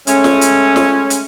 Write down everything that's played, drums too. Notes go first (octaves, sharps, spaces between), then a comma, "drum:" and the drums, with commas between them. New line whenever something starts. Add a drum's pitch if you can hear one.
G#3 A3 C#4, drum: hi-hat
drum: snare
drum: hi-hat
drum: snare
drum: hi-hat